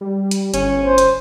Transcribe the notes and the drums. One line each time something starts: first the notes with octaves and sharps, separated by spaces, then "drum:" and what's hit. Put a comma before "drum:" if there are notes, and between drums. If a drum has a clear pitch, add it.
G3
drum: hi-hat
G1 C#4, drum: hi-hat
C5
drum: hi-hat